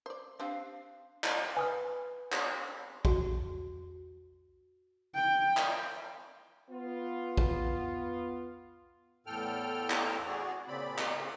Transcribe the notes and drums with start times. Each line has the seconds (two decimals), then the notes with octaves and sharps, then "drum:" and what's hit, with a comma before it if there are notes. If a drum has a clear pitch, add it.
0.06 C5 D5
0.40 C4 D4 G4 F5
1.24 drum: clap
1.57 B4 G#5 D#6 F6
2.32 drum: clap
3.05 F#4, drum: kick
5.15 G5
5.57 drum: clap
6.70 B3 F4
7.37 drum: kick
9.27 E2 A2 A4 G5 F6
9.90 drum: clap
10.26 F#4 G#4 D5
10.68 A#2 C#3 C4 D5 B5
10.98 drum: clap
11.14 A2 C#3